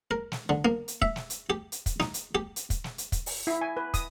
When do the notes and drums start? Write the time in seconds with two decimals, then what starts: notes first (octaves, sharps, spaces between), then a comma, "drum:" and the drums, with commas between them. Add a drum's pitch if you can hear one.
0.11 A#4
0.32 drum: snare
0.49 D3
0.65 A#3
0.88 drum: hi-hat
1.02 E5, drum: kick
1.16 drum: snare
1.30 drum: hi-hat
1.50 G4
1.72 drum: hi-hat
1.86 drum: kick, hi-hat
2.00 D#4, drum: snare
2.14 drum: hi-hat
2.35 G4
2.56 drum: hi-hat
2.70 drum: kick, hi-hat
2.84 drum: snare
2.98 drum: hi-hat
3.12 drum: kick, hi-hat
3.26 drum: open hi-hat
3.47 E4
3.61 G#5
3.77 B4
3.94 D#6, drum: kick, hi-hat